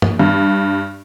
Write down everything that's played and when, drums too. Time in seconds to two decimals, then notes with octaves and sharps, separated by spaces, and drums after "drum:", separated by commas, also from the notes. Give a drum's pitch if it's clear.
0.02 drum: tom
0.19 G2